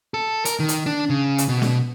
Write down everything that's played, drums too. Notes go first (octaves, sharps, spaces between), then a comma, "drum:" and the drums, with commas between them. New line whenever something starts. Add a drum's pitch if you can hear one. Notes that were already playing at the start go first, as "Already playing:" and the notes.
A4
A#4, drum: hi-hat
D#3
drum: hi-hat
D4
C#3
drum: hi-hat
B2
drum: snare